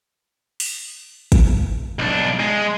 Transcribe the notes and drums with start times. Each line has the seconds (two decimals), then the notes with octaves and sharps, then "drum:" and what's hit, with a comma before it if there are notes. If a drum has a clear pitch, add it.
0.60 drum: open hi-hat
1.32 drum: kick, hi-hat
1.99 B1 D4
2.40 G#3